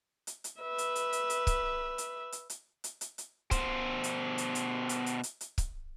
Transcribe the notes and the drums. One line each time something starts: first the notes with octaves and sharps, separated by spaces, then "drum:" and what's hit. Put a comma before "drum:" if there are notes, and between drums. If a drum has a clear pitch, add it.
drum: hi-hat
drum: hi-hat
B4 E5
drum: hi-hat
drum: hi-hat
drum: hi-hat
drum: hi-hat
drum: kick C#1, hi-hat
drum: hi-hat
drum: hi-hat
drum: hi-hat
drum: hi-hat
drum: hi-hat
drum: hi-hat
B2 C5, drum: kick C#1, hi-hat
drum: hi-hat
drum: hi-hat
drum: hi-hat
drum: hi-hat
drum: hi-hat
drum: hi-hat
drum: hi-hat
drum: kick C#1, hi-hat